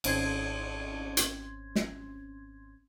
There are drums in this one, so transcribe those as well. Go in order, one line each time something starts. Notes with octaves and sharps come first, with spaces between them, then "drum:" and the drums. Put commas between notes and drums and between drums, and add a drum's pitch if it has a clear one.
G#1 C4 C#4 C6 G#6, drum: cymbal
drum: hi-hat
drum: snare